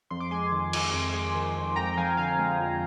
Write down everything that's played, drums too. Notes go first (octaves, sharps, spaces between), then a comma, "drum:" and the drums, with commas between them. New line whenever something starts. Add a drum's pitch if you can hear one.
F2 C6
D6
G#3 G#5 C6
D#3
F2, drum: cymbal
F2
G#3
D#3
F2
F2 G5 A#5
G5
F3 F5 G#5
D3 F5 G#5
G#3
F2